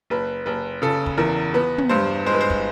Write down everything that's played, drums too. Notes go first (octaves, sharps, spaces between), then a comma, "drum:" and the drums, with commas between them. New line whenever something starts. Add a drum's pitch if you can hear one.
F#1 B4
F#1 B4
C#3 A4
drum: kick
E2 A#4
B3 B4
drum: tom
G2 C5
G#3 C5
B4
C5
drum: kick